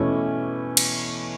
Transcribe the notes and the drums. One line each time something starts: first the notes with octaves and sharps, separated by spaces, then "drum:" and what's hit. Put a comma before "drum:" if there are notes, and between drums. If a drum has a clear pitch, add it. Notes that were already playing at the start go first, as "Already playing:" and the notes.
Already playing: E2 B2 A3 C#4 E4
drum: cymbal